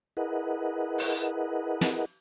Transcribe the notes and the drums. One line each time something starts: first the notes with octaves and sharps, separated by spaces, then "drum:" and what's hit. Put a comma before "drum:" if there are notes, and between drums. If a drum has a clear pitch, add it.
E4 G#4 A#4 B4 D#5 F#5
drum: open hi-hat
drum: snare